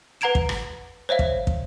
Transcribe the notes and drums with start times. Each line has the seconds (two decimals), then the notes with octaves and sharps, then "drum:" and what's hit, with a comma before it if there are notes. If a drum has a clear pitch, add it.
0.21 B4 F#5 A#5 G#6 D7 E7
0.35 drum: kick
0.49 drum: rim click
1.09 C5 C#5 E5 F5
1.19 drum: kick
1.47 drum: kick